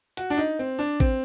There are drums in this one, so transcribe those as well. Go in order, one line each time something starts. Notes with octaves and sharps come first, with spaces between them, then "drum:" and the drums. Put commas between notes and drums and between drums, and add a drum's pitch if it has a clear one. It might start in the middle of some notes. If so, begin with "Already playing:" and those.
F#4, drum: hi-hat
D4
D#4
C4
D4
C4, drum: kick A1